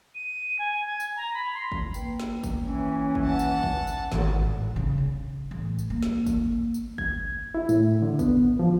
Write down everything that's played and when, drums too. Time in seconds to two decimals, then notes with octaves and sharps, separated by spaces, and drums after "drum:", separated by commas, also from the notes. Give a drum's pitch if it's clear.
0.15 D#7
0.59 G#5
0.87 G#6
1.00 drum: tambourine
1.16 A#5
1.34 B5
1.54 C6
1.72 drum: kick
1.94 A#3 B4 G5, drum: tambourine
2.20 drum: snare
2.43 drum: kick, tambourine
2.61 E3 C#4
3.15 drum: kick
3.25 F#5 A5
3.39 drum: tambourine
3.63 drum: kick
3.87 drum: tambourine
4.12 G#1, drum: snare
4.42 A1
4.76 C#3
4.98 C#3
5.51 A1
5.79 drum: tambourine
5.90 A#3
6.03 drum: snare
6.26 drum: kick, tambourine
6.74 drum: tambourine
6.98 G#6, drum: kick
7.55 E4
7.69 A2, drum: tambourine
8.02 D3
8.19 B3, drum: kick, tambourine
8.59 F3